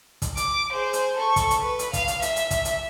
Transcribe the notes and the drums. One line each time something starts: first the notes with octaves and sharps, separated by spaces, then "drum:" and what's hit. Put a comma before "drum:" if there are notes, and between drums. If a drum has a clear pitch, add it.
drum: kick, hi-hat
D6, drum: hi-hat
G#4 C5
drum: hi-hat
A4 C#6
drum: kick, hi-hat
drum: hi-hat
B4
drum: hi-hat
F5, drum: kick, hi-hat
drum: hi-hat
E5, drum: hi-hat
drum: hi-hat
drum: kick, hi-hat
drum: hi-hat